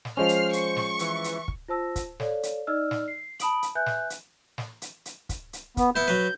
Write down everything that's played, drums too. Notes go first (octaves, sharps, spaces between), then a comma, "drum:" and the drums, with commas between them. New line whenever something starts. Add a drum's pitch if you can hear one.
drum: snare
F3 G#3 C#4 C5 F6 C7
drum: hi-hat
C#6, drum: hi-hat
drum: snare
E3, drum: hi-hat
drum: hi-hat
drum: kick
F4 C5 A5 E6 A#6
drum: kick, hi-hat
A4 C#5 D5 F5, drum: snare
drum: hi-hat
D#4 D5 D#5 E6 F6
drum: snare
C7
A5 B5 D#6 D7 F#7, drum: hi-hat
drum: hi-hat
B4 E5 G#5 F#6 G6
drum: snare
drum: hi-hat
drum: snare
drum: hi-hat
drum: hi-hat
drum: kick, hi-hat
drum: hi-hat
B3, drum: kick, hi-hat
B3 E4 G6
F#3 B4